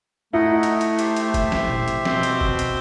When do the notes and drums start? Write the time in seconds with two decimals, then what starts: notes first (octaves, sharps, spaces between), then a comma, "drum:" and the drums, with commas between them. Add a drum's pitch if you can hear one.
0.33 A3 D#4 E4 D#5 F#5
0.63 drum: hi-hat
0.81 drum: hi-hat
0.99 G4 C5 E5, drum: hi-hat
1.16 drum: hi-hat
1.34 drum: kick, hi-hat
1.52 drum: snare
1.70 drum: tom A#2
1.88 drum: hi-hat
2.05 B2 C4, drum: snare
2.23 drum: hi-hat
2.41 drum: kick
2.59 drum: hi-hat